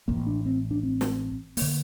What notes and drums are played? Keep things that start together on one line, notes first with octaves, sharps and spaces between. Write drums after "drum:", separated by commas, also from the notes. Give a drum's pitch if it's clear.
A1 A2 A#3
D4
C4
D4
C4
drum: snare
D3 A#3, drum: open hi-hat